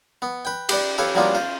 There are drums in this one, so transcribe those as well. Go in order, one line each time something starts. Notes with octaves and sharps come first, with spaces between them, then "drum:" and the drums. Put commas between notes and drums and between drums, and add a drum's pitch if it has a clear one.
B3
B4 G5
G4 B4 D5, drum: cymbal
G4 A4 B4 C#5 F5
F#3 G3 A#3 B3 D4 F4
F4 C5